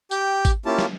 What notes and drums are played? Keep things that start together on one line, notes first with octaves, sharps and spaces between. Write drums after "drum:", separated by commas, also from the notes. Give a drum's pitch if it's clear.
G4 G5, drum: tambourine
drum: kick G#1, tambourine
A#3 C#4 E4 F4 G4 A5
drum: snare